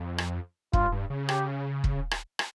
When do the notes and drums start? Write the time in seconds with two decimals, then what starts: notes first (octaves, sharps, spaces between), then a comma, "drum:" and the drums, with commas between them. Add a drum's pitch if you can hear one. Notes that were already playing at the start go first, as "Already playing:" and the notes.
Already playing: F2
0.18 drum: rim click
0.73 G2 F4, drum: kick
0.92 G2
1.10 C#3
1.29 G4, drum: rim click
1.84 drum: kick
2.11 drum: rim click
2.39 drum: rim click